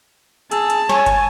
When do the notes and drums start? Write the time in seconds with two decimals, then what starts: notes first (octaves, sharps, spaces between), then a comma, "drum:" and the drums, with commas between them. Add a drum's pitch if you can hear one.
0.51 G#4 A5 E6, drum: hi-hat
0.70 drum: hi-hat
0.89 C#5 G#5, drum: snare
1.06 drum: kick F#1, hi-hat